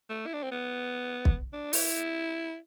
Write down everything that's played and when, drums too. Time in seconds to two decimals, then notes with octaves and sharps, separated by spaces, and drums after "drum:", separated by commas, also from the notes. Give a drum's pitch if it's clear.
0.10 A3
0.26 E4
0.34 D4
0.43 C4
0.52 B3
1.25 drum: kick
1.53 D4
1.73 E4, drum: open hi-hat